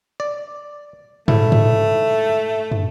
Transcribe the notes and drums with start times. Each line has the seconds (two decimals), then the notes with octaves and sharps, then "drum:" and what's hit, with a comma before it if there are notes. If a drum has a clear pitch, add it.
0.20 D5
1.28 G#2 A3 E4, drum: tom G#2
1.52 drum: tom G#2
2.71 drum: tom